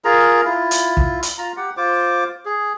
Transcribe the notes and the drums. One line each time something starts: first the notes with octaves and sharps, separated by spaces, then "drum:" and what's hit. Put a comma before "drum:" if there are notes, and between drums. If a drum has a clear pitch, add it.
F4 G#4 A#4 A#5
E4 F4
drum: hi-hat
drum: kick
drum: hi-hat
F4 A#5
G4 F#5
F4 C5 D6
G#4